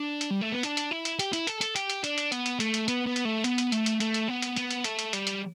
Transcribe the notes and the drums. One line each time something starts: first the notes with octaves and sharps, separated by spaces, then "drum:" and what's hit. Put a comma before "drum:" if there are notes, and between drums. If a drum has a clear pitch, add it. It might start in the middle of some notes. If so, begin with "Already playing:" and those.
Already playing: D4
drum: hi-hat
G3
A3
B3
D4, drum: hi-hat
drum: hi-hat
E4
drum: hi-hat
G4, drum: hi-hat
E4, drum: hi-hat
A4, drum: hi-hat
A4, drum: hi-hat
G4, drum: hi-hat
drum: hi-hat
D4, drum: hi-hat
drum: hi-hat
B3, drum: hi-hat
drum: hi-hat
A3, drum: hi-hat
drum: hi-hat
B3, drum: hi-hat
B3
drum: hi-hat
A3
B3, drum: hi-hat
drum: hi-hat
A3, drum: hi-hat
drum: hi-hat
A3, drum: hi-hat
drum: hi-hat
B3
drum: hi-hat
B3, drum: hi-hat
drum: hi-hat
A3, drum: hi-hat
drum: hi-hat
G3, drum: hi-hat
drum: hi-hat